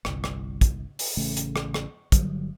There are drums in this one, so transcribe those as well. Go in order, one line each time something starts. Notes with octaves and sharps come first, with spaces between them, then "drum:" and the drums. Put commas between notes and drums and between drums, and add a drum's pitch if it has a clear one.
G1 C2, drum: rim click
drum: rim click
drum: kick, hi-hat
drum: open hi-hat
A1 C#3 A3
drum: hi-hat
drum: rim click
drum: rim click
G1 D3 F#3 G3, drum: kick, hi-hat